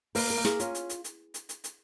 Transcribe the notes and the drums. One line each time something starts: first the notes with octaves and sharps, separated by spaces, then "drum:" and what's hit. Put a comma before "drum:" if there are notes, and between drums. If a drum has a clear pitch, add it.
A#3 B4, drum: open hi-hat
A#4
A#3
G#4, drum: snare
C#4 F4, drum: hi-hat
drum: hi-hat
drum: hi-hat
drum: hi-hat
drum: hi-hat
drum: hi-hat
drum: hi-hat